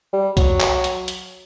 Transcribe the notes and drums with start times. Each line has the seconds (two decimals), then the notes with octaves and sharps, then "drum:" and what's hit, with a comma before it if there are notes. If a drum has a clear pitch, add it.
0.13 G3
0.37 F#3, drum: kick C2, hi-hat
0.60 drum: clap
0.84 drum: hi-hat
1.08 drum: hi-hat